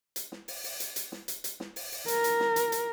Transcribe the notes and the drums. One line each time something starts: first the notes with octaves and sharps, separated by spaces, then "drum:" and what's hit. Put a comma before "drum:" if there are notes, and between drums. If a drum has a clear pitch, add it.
drum: hi-hat
drum: snare
drum: open hi-hat
drum: open hi-hat
drum: hi-hat
drum: hi-hat
drum: snare
drum: hi-hat
drum: hi-hat
drum: snare
drum: open hi-hat
drum: open hi-hat
A#4, drum: hi-hat
drum: hi-hat
drum: snare
drum: hi-hat
drum: hi-hat